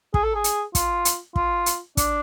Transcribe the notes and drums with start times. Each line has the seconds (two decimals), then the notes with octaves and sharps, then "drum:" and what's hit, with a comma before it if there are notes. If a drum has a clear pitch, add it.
0.14 G#4, drum: kick
0.24 A4
0.35 G#4
0.44 drum: hi-hat
0.75 F4, drum: kick, hi-hat
1.05 drum: hi-hat
1.36 F4, drum: kick
1.66 drum: hi-hat
1.97 D4, drum: kick, hi-hat